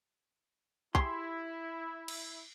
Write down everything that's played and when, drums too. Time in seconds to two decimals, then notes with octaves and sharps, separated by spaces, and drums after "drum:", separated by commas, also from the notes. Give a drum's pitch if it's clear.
0.95 E4 G4 G#4 C6, drum: kick
2.08 drum: cymbal